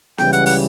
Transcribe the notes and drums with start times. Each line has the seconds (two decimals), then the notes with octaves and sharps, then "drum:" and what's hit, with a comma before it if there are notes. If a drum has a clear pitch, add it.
0.18 C#2 C#3 E3 G3 G5, drum: snare
0.33 F#5, drum: hi-hat
0.46 F#5, drum: open hi-hat